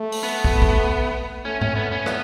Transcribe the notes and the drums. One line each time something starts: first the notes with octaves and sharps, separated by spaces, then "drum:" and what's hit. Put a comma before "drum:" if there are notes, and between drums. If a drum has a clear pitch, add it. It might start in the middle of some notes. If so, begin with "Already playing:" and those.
Already playing: A3
drum: open hi-hat
B3
drum: kick
drum: kick
A3 C#4
C#4, drum: tom G#2
A3 B3
C#4
B3, drum: rim click